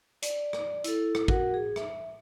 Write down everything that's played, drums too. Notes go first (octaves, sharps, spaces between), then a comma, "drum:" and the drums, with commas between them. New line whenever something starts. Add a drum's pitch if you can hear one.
D5, drum: hi-hat
drum: rim click
E4 A4, drum: hi-hat
drum: rim click
F#4 A#4 F#5, drum: kick
G#4
E5, drum: rim click